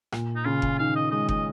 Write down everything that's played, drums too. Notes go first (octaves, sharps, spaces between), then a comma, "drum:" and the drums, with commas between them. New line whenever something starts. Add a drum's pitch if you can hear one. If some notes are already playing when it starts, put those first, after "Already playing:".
A#2, drum: rim click
D#4
C#3 F4
drum: kick F#1
D#3 F5
D#5
G#3 D#5
D#5, drum: kick F#1